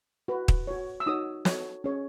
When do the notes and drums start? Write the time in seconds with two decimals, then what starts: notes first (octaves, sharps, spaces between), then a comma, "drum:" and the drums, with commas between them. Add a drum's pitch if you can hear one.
0.28 F#4 B4
0.48 drum: kick
0.67 F#4 C#5
1.00 E6
1.06 D#4 F#4 C#5 D#6
1.45 F#4 A4 C#5, drum: snare
1.84 C#4 G#4 C#5